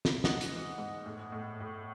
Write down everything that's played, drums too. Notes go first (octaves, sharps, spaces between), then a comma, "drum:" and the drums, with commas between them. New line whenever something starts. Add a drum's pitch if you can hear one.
drum: snare
G#2 D#5 F#5, drum: snare
drum: hi-hat
E3
G#2
A2
A2
A2